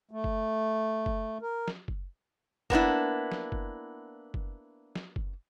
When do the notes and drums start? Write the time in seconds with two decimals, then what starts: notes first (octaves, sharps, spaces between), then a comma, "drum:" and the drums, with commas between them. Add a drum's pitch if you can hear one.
0.11 A3
0.24 drum: kick F#1
1.06 drum: kick F#1
1.42 A#4
1.68 drum: snare
1.88 drum: kick F#1
2.70 A#3 B3 D4 E4, drum: kick F#1
3.32 drum: snare
3.52 drum: kick F#1
4.34 drum: kick F#1
4.95 drum: snare
5.16 drum: kick F#1